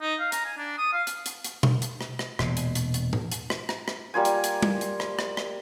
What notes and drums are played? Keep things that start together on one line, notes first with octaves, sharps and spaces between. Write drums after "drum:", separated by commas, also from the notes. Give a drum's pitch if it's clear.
D#4
F5
A#5, drum: hi-hat
G#5
D4
D#6
F5
drum: hi-hat
drum: hi-hat
drum: hi-hat
drum: tom B2
drum: hi-hat
drum: rim click
drum: rim click
E1 A#2, drum: rim click
drum: hi-hat
drum: hi-hat
drum: hi-hat
drum: tom A2
drum: hi-hat
drum: rim click
drum: rim click
drum: rim click
G3 A#3 F4 G#5
drum: hi-hat
drum: hi-hat
drum: tom
drum: hi-hat
drum: rim click
drum: rim click
drum: rim click